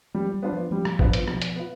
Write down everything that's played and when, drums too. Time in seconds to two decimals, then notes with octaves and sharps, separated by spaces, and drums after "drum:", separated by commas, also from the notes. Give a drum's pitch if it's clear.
0.14 F3 G3
0.34 G3
0.43 B3 D4 F4 C5
0.53 F3
0.71 F3 G3
0.85 drum: rim click
0.99 B3 D4 F4 C5, drum: kick A1
1.13 drum: hi-hat
1.23 E3
1.28 B2 F3, drum: rim click
1.42 drum: hi-hat
1.56 B3 F4